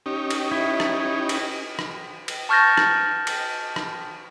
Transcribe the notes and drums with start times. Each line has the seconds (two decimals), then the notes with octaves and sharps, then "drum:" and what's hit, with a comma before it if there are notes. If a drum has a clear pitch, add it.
0.06 C#4 D#4 G4
0.30 drum: cymbal
0.52 E4
0.80 drum: rim click
1.29 drum: cymbal
1.79 drum: rim click
2.28 drum: cymbal
2.49 A5 C#6 F6 G6 A6 A#6
2.77 drum: rim click
3.27 drum: cymbal
3.76 drum: rim click